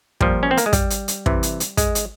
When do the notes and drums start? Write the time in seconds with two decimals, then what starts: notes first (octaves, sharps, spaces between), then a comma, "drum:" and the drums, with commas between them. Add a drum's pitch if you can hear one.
0.21 A#2 F3 G3, drum: kick
0.43 C#4
0.51 C4
0.57 A#3, drum: hi-hat
0.66 G#3
0.73 G3, drum: kick, hi-hat
0.90 drum: hi-hat
1.08 drum: hi-hat
1.26 C3 E3, drum: kick
1.43 drum: hi-hat
1.60 drum: hi-hat
1.77 G#3, drum: kick, hi-hat
1.95 drum: hi-hat